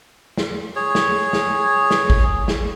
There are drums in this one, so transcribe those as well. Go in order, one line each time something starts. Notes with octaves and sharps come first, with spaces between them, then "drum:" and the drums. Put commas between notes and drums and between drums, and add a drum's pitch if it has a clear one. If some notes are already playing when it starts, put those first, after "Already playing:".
drum: snare
G#4 C#5
drum: snare
drum: snare
drum: snare
drum: kick G#1
drum: snare